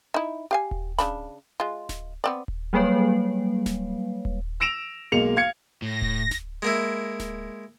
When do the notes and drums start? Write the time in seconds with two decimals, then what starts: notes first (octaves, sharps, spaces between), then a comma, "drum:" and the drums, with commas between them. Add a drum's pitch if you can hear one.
0.14 D#4 E4
0.51 G4 F5 G#5
0.71 drum: kick D#1
0.98 C#3 D4 B5, drum: snare D1
1.60 G#3 F4
1.89 drum: snare D1
2.24 B3 C4 D5
2.48 drum: kick D#1
2.73 F#3 G3 A#3 B4 C#5 F5
3.66 drum: snare D1
4.25 drum: kick D#1
4.60 E6 A#6 D7 E7 F7
5.12 B1 G#3 A#3 C#7 F7
5.36 F5 G#6 C#7
5.82 A2 A#6
6.02 drum: kick D#1
6.31 drum: snare D1
6.62 G#3 A#3 E4
7.20 drum: snare D1